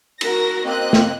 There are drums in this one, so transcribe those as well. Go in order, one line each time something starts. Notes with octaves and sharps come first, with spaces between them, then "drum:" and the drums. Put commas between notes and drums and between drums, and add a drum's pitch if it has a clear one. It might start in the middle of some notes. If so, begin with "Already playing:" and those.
F#4 A#4 A#6, drum: cymbal
A#3 C4 D#5 F#6
drum: snare